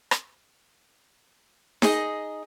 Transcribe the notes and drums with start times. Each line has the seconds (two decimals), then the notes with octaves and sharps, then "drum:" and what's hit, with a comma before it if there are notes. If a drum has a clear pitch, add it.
0.11 drum: rim click
1.82 D#4 G#4 D#5, drum: snare D#4